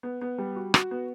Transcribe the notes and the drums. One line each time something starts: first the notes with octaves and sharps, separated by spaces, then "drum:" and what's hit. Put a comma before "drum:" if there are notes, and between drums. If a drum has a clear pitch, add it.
B3
B3
G3
F#4
F#4, drum: rim click
B3